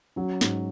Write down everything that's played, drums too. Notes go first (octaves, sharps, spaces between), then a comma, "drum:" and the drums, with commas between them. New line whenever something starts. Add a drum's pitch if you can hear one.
F#3 C#4
G#2, drum: snare